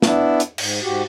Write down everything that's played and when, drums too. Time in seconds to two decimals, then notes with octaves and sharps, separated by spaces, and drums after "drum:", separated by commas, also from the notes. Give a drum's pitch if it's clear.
0.02 B3 D4 E4, drum: snare
0.40 drum: hi-hat
0.58 G#2, drum: cymbal
0.82 G#2 F#4 G4